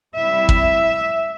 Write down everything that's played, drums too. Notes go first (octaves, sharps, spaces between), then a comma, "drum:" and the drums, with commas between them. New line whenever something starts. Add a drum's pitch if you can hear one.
C3 G3 E4 E5
drum: kick